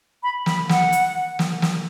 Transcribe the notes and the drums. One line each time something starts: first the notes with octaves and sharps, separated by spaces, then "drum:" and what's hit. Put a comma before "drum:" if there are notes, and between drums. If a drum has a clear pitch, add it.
B5
B5, drum: snare
F#5, drum: snare
drum: hi-hat
drum: snare
drum: snare